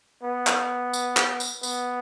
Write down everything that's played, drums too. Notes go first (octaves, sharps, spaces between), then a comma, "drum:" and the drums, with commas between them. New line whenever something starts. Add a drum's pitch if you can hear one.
B3
drum: clap
drum: tambourine
drum: clap
drum: tambourine
B3, drum: tambourine